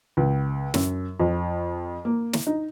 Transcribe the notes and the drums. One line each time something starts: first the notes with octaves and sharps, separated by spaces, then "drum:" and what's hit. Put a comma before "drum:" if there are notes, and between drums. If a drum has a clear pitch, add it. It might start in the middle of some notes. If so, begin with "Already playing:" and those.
C#2
F#2, drum: snare
F2
A#3
drum: snare
D#4